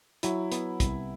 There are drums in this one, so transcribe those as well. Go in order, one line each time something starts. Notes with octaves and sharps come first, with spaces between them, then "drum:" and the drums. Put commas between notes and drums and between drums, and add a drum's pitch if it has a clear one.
F#3 E4, drum: hi-hat
B3, drum: hi-hat
C2, drum: kick, hi-hat